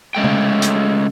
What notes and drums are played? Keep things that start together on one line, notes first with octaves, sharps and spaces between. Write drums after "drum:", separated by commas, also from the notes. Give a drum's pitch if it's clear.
C#3 G#3 A3 G5
drum: tom
drum: hi-hat